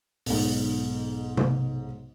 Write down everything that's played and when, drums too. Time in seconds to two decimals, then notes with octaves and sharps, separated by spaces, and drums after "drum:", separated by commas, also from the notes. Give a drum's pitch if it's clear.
0.26 B1 G#2, drum: open hi-hat
1.37 drum: tom C3